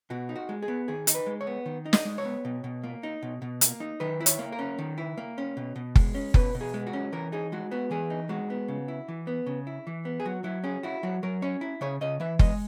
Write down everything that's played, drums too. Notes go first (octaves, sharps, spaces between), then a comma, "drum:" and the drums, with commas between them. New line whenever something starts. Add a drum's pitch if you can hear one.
B2 F#4
D#4
F#4
G#3
G#4
B3
D#3 G#4
D#4, drum: hi-hat
B4
G#3
C#5
B3
D#3
D#4
D#5, drum: snare
G#3
C#5
B3
B2
B2
A#3
D#4
B2
B2
A#3, drum: hi-hat
D#4
D#3 B4
E4
C#5, drum: hi-hat
A#3
A#4
C#4
D#3
E4
A#3
C#4
B2
B2
G#3, drum: kick F#1
C#4
B2 B4, drum: kick F#1
B2
G#4
G#3
F#4
C#4
E3 A#4
D#4 G#4
G#3 F#4
B3 F#4
E3 G#4
D#4
G#3 F#4
B3
C#3
E4
E3
B3
C#3
E4
E3
B3
G#4
F#3 F#4
F#3 E4
C#4 G#4
E4 F#4
F#3 F#4
F#3 A#4
C#4 C#5
E4
C#3 C#5
C#3 D#5
E3 E5
G#3 D#5, drum: kick F#1